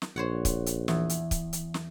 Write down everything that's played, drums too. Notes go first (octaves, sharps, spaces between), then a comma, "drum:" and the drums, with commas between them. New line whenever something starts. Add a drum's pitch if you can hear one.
drum: snare
A#1 C5 C#5 F#5
drum: kick C#1, hi-hat
drum: hi-hat
E2, drum: snare
drum: hi-hat
drum: kick C#1, hi-hat
drum: hi-hat
drum: snare